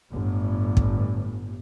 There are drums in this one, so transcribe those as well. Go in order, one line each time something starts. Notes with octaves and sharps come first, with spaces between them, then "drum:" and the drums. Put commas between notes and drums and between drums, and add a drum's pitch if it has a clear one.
G1 A2
drum: kick